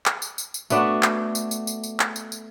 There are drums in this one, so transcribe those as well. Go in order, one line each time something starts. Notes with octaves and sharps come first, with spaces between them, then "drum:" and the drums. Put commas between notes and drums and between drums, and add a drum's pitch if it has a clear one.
drum: clap
drum: tambourine
drum: tambourine
drum: tambourine
A3 B3 D4 F#4, drum: tambourine
drum: clap
drum: tambourine
drum: tambourine
drum: tambourine
drum: tambourine
drum: clap
drum: tambourine
drum: tambourine